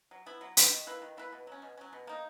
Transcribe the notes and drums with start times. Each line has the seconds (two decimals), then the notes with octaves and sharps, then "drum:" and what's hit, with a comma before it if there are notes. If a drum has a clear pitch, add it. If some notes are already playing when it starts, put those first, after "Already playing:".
0.11 F#3
0.26 B3 E4
0.41 F#3
0.57 B3 E4, drum: hi-hat
0.72 D#3
0.87 A#3 E4 B4
1.02 D#3
1.17 A#3 E4 B4
1.32 B2
1.47 F#3 C#4
1.62 B2
1.77 F#3 C#4
1.93 B2
2.07 A#3 D#4